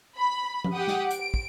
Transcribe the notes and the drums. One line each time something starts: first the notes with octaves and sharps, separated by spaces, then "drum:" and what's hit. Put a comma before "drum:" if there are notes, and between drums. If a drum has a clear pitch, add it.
B5
drum: tom F3
G4 F#5 D#6
drum: snare
D7, drum: hi-hat
drum: kick